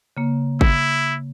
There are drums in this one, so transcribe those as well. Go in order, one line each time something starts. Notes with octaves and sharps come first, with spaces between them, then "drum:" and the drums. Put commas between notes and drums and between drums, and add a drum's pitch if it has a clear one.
C#3 A#3
E4, drum: kick G#1